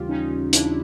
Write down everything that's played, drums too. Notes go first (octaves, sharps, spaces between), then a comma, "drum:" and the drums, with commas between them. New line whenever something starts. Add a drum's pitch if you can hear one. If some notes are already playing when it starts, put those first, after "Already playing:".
Already playing: D#2 C#3 E3 G3 F4 G4
C#4 D#4
D4 E4, drum: hi-hat